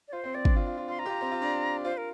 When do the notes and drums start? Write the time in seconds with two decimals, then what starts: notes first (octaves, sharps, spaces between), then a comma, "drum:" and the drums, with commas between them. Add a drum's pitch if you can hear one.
0.08 D5
0.13 F4 C5
0.24 C4
0.34 C4 D5
0.45 D4, drum: kick
0.56 F4
0.66 F4
0.77 F4
0.88 F4 C6
0.99 F4 A#5
1.06 G4
1.09 F4
1.21 C4
1.31 F4
1.42 D4
1.85 F4 C5
1.97 A#4